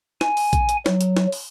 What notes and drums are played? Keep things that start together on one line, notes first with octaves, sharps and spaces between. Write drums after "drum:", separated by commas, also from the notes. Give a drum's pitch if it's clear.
G#5, drum: snare
drum: open hi-hat
drum: kick A#1, hi-hat
drum: hi-hat
F#3, drum: snare
drum: hi-hat
drum: snare
drum: open hi-hat